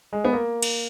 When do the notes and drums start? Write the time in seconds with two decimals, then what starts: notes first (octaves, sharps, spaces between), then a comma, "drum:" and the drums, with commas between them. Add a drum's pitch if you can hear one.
0.13 G#3
0.25 B3
0.33 A#3
0.62 drum: cymbal